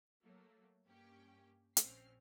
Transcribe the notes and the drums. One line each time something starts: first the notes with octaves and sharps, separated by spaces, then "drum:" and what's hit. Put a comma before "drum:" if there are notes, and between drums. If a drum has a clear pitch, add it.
F#3 A3 A#3
G2 A#3 C#4 G4 G5
A#1 C4 C#4 F6 C7, drum: hi-hat